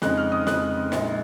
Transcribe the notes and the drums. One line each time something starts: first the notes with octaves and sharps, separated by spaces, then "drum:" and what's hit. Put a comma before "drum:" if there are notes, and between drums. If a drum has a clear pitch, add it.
F2 C#3 G#3 D#4 F#6, drum: snare
F6
D#6
F2 C#3 G#3 D#4 F#6, drum: snare
A#1 A#2 G#3 D#4, drum: snare